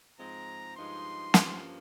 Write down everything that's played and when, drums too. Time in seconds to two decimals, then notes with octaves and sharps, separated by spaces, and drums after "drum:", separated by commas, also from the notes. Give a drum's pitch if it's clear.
0.18 G#2 F3 G#3 C4 A#5
0.76 G2 F3 G#3 D#4 C6
1.34 G2 F3 A#3 C#4, drum: snare